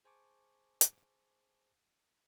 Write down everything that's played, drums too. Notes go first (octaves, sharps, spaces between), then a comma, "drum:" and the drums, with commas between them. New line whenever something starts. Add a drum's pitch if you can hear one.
G#4 C5 G#5 A5 C#6 D6
drum: hi-hat